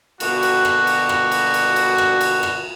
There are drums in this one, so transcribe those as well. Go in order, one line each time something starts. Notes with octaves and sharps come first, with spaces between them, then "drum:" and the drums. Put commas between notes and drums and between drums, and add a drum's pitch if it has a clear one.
B2 D3 G3 A#3 F#4, drum: cymbal
drum: cymbal
drum: rim click
drum: cymbal
drum: rim click
drum: cymbal
drum: cymbal
drum: cymbal
drum: rim click
drum: cymbal
drum: rim click